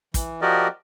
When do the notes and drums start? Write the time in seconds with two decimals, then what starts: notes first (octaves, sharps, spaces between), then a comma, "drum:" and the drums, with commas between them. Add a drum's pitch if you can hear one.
0.14 E3, drum: kick, hi-hat
0.42 F3 F#4 G4 A#4 D5 D#5